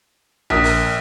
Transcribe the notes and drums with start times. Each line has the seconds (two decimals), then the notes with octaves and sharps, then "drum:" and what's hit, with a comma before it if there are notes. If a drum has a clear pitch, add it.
0.50 A#1 A#4 D#6 F#6 B6, drum: tom A#1
0.64 drum: open hi-hat